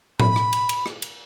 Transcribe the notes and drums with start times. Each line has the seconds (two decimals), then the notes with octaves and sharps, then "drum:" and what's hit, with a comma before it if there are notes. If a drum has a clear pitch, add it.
0.20 B5, drum: tom A2
0.36 drum: rim click
0.53 drum: cymbal
0.69 drum: cymbal
0.86 drum: rim click
1.02 drum: cymbal